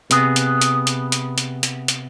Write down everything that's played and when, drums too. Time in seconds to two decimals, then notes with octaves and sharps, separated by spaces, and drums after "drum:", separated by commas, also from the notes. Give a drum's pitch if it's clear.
0.11 C3 B3 G#4, drum: hi-hat
0.36 drum: hi-hat
0.62 drum: hi-hat
0.87 drum: hi-hat
1.12 drum: hi-hat
1.38 drum: hi-hat
1.63 drum: hi-hat
1.88 drum: hi-hat